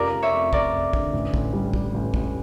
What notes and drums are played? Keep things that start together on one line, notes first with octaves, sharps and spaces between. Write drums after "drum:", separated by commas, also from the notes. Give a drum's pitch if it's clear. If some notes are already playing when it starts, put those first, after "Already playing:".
Already playing: F1 C#4 F4 G4 A#4 D5
F1
C#5 E5
F2
F1 A#4 D5, drum: kick
F1
D3, drum: kick
A1
A1, drum: kick
G3
G3, drum: kick
A1
A1, drum: kick